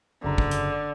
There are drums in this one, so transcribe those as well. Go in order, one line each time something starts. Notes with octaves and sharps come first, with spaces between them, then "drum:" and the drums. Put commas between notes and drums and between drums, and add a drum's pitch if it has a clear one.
F#1 D3 A#5
drum: kick
drum: hi-hat